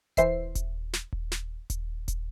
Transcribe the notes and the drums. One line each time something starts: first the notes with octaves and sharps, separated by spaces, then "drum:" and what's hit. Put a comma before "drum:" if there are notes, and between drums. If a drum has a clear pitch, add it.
E3 C5 E5 C7, drum: kick D#1, hi-hat
drum: kick D#1, hi-hat
drum: snare
drum: kick D#1
drum: snare
drum: kick D#1, hi-hat
drum: kick D#1, hi-hat